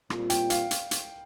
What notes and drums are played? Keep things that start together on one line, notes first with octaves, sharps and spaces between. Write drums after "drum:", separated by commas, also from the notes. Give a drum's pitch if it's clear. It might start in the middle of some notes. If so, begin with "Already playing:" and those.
A#2 G3 C4 F4, drum: rim click
G5, drum: hi-hat
F5, drum: hi-hat
drum: hi-hat
drum: hi-hat